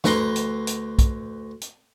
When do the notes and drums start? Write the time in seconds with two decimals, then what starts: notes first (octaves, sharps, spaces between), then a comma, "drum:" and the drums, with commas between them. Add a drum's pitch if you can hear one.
0.04 D2 B4 A#5 C6, drum: snare
0.36 drum: hi-hat
0.67 drum: hi-hat
0.99 drum: kick, hi-hat
1.62 drum: hi-hat